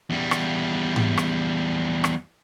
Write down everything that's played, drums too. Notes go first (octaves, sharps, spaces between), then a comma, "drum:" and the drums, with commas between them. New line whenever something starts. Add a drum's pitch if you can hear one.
E2 G3
drum: rim click
drum: tom G#2
drum: rim click
drum: rim click